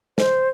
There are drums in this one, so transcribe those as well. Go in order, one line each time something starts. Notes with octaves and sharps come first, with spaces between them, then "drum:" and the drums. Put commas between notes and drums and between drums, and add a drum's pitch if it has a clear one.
C5, drum: snare